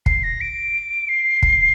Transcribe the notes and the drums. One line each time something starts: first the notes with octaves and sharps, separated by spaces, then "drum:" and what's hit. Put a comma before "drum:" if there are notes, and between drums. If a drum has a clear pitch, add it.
C7, drum: kick
A#6
D7
C7
drum: kick